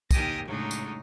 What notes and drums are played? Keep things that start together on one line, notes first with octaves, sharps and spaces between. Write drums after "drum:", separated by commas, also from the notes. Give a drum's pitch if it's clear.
D#2 D#3 G4 G#5 D#6 A#6, drum: kick, tambourine
A2 C#3 F#3 G#3 D4 D#4
drum: tambourine